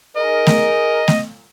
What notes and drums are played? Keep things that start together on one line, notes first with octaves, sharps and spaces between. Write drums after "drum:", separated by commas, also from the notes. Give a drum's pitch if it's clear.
D#4 G#4 A#4 D#5
drum: snare A3
drum: snare A3